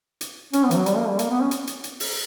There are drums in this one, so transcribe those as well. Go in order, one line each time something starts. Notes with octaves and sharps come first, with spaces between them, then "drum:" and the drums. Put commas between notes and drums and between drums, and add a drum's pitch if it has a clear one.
drum: hi-hat
C#4, drum: hi-hat
B3
E3, drum: hi-hat
F#3
G3, drum: hi-hat
A#3
G3
A#3, drum: hi-hat
B3
C#4
drum: hi-hat
drum: hi-hat
drum: hi-hat
drum: open hi-hat